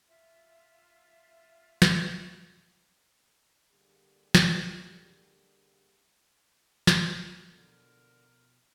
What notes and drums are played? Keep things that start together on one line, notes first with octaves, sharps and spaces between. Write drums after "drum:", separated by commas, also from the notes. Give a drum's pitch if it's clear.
F4 E5
drum: snare
D3 G3 A#3 G4 G#4
drum: snare
drum: snare
B2 D3 F3 A#4